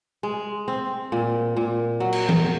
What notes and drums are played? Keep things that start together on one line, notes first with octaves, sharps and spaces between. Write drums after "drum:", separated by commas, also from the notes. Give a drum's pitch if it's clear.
G#3
C4
A#2
A#2
F#3
drum: cymbal
drum: tom E3